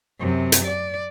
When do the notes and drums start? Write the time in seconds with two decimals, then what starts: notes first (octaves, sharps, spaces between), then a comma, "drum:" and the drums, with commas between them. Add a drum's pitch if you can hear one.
0.20 F#2 C3
0.52 drum: hi-hat
0.66 D5